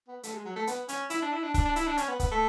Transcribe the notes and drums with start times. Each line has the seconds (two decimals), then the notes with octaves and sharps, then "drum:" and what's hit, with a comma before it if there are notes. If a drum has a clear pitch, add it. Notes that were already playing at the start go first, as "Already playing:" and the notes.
0.08 B3
0.23 A3, drum: hi-hat
0.34 G#3
0.45 F#3
0.56 A3
0.67 B3, drum: hi-hat
0.88 C#4, drum: hi-hat
1.10 E4, drum: hi-hat
1.22 D4
1.33 E4
1.43 D4
1.54 D4, drum: kick C#1, hi-hat
1.65 D4
1.76 E4, drum: hi-hat
1.87 D4
1.97 C#4, drum: hi-hat
2.08 B3
2.20 B3, drum: kick C#1, hi-hat
2.31 A3